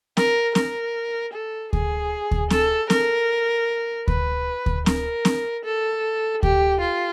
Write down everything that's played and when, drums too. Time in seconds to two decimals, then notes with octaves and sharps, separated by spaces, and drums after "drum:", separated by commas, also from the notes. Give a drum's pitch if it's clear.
0.17 A#4, drum: snare C4
0.55 A#4, drum: snare C4
1.33 A4
1.73 G#4, drum: kick D2
2.31 drum: kick D2
2.50 A4, drum: snare C4
2.90 A#4, drum: snare C4
4.08 B4, drum: kick D2
4.66 drum: kick D2
4.86 A#4, drum: snare C4
5.25 drum: snare C4
5.64 A4
6.43 G4, drum: kick D2
6.81 F4